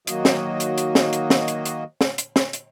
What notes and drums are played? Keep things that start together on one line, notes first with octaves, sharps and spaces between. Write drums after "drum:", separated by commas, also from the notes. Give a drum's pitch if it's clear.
D#3 F#3 A#3 F#4 D#5, drum: hi-hat
drum: snare
drum: hi-hat
drum: hi-hat
drum: snare
drum: hi-hat
drum: snare
drum: hi-hat
drum: hi-hat
drum: snare
drum: hi-hat
drum: snare
drum: hi-hat